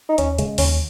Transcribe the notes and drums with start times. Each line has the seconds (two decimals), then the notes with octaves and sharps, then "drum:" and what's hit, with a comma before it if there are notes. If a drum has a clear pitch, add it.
0.09 D#4
0.18 D#2 C#4, drum: hi-hat
0.38 C#3 G#3, drum: hi-hat
0.58 D#2 C#4, drum: open hi-hat